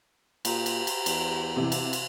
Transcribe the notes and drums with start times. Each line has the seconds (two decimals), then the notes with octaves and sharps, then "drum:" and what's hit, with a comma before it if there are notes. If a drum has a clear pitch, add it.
0.45 A#2 G4 A#5, drum: cymbal
0.66 drum: cymbal
0.87 drum: cymbal
1.06 E2, drum: cymbal
1.56 C3 E3
1.72 drum: cymbal
1.93 drum: cymbal